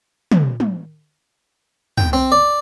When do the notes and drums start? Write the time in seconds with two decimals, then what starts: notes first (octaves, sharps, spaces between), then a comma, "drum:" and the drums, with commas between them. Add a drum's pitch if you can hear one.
0.32 drum: tom
0.60 drum: tom
1.98 G5, drum: tom
2.13 C4
2.32 D5